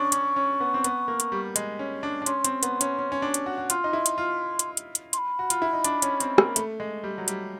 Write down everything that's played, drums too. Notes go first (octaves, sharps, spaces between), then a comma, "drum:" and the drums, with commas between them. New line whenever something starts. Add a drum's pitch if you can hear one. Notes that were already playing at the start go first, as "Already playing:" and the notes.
Already playing: C#4 D4 C#6
C#4, drum: hi-hat
C#4
B3
C4
B3, drum: hi-hat
A#3
drum: hi-hat
G3
G#3, drum: hi-hat
C#4
D4
D4
C#4 C6, drum: hi-hat
C4, drum: hi-hat
B3, drum: hi-hat
C#4, drum: hi-hat
C#4
C#4
D4
drum: hi-hat
F#4
F#4
F4 C6, drum: hi-hat
D#4
E4
drum: hi-hat
F4
drum: hi-hat
drum: hi-hat
drum: hi-hat
C6, drum: hi-hat
B5
F#4
F4, drum: hi-hat
E4
D#4
D4, drum: hi-hat
C#4, drum: hi-hat
C4, drum: hi-hat
A#3, drum: rim click
A3, drum: hi-hat
G#3
G3
F#3
G3, drum: hi-hat